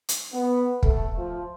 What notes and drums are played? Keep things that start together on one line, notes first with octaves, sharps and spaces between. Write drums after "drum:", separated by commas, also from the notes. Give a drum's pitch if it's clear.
drum: hi-hat
B3
A3, drum: kick
F3